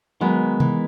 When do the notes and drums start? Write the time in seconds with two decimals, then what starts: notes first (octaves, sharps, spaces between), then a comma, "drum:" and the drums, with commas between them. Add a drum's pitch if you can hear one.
0.21 D#3 F#3 G#3 B3
0.60 E3, drum: tom C3